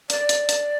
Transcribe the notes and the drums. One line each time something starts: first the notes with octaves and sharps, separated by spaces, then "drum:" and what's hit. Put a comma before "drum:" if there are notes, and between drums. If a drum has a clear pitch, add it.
D5, drum: hi-hat
drum: hi-hat
drum: hi-hat